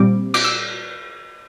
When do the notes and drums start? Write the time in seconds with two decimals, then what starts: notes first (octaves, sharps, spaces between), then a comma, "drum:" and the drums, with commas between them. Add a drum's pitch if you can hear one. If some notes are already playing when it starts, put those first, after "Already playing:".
Already playing: A#2 G3 C4 D6
0.34 D6, drum: cymbal
0.44 E6